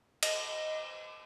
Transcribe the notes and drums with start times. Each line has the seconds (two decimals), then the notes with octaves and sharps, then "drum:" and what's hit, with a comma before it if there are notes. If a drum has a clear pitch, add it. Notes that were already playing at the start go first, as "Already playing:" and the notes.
0.23 D#5, drum: cymbal